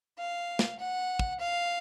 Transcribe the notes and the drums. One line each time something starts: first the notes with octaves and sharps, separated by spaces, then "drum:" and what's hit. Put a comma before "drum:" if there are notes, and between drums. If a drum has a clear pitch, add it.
F5
drum: snare
F#5
drum: kick
F5